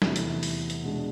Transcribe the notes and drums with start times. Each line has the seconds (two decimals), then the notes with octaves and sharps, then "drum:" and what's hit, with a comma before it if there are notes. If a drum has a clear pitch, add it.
0.02 E2 C3 E3 A3 E4, drum: snare
0.16 drum: hi-hat
0.43 drum: open hi-hat
0.70 drum: hi-hat
0.84 B2 G#3 D4